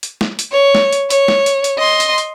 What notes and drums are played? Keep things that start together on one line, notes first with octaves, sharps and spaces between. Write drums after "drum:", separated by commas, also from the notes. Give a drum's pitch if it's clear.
drum: hi-hat
drum: snare
drum: hi-hat
C#5
drum: snare
drum: hi-hat
C#5, drum: hi-hat
drum: snare
drum: hi-hat
drum: hi-hat
D#5 C6
drum: hi-hat
drum: hi-hat